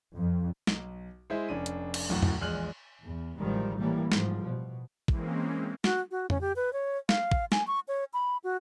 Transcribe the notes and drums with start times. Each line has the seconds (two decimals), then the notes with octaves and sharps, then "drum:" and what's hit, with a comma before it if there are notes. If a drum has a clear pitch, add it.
0.16 F2
0.67 B1, drum: snare
1.30 G#3 E4 C5 E5
1.49 F1 C#4 D4 D#7
1.66 drum: hi-hat
1.94 drum: cymbal
2.09 D1 F#2 A2 F#4
2.23 drum: tom F2
2.41 A#1 E2 G#3 F6 F#6 F#7
3.02 E2
3.37 A1 D#3 F3 G3 G#3
3.79 A2 E3 G3 A#3
4.12 G#2 F3 G3, drum: snare
4.44 B2
5.08 E3 G#3 A#3 C4 C#4, drum: kick
5.84 F#4, drum: snare
6.11 F#4
6.30 C#4, drum: tom F2
6.41 G4
6.56 B4
6.73 C#5
7.09 F5, drum: snare
7.32 drum: kick
7.52 G#5, drum: snare
7.67 C#6
7.88 C#5
8.14 B5
8.44 F#4